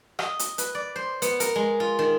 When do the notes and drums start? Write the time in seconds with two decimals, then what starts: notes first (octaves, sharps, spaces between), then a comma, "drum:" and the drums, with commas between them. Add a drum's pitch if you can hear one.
0.19 D#5, drum: rim click
0.39 drum: hi-hat
0.58 B4, drum: hi-hat
0.75 D5
0.96 C5
1.22 B3, drum: hi-hat
1.40 A#4, drum: hi-hat
1.55 G#3
1.80 F4
1.99 D#3